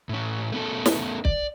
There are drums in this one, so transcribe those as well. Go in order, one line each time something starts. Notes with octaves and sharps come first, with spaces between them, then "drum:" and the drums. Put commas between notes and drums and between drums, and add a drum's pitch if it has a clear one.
A2 C#4
A3 B3 C#4 A4
drum: snare
D5, drum: kick